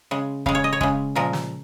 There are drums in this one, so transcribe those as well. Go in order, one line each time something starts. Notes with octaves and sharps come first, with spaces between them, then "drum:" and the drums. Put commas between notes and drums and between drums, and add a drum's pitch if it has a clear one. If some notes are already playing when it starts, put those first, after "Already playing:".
C#3 G#3
C#3 G#3 F5, drum: kick
C#5
D#5
C#5
C#3 G#3, drum: kick
A#2 F3 G#3 A#4
drum: snare